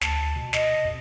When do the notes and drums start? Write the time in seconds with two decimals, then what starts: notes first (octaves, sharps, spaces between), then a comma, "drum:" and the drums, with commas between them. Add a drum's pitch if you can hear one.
0.01 D2 A5, drum: snare
0.36 B2
0.53 D#5, drum: snare
0.85 F2